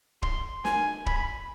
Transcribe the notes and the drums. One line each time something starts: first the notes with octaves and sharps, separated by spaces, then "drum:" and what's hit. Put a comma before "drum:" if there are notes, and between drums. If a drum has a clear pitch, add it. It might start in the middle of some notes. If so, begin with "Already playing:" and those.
C6, drum: kick
G#5, drum: snare
B5, drum: kick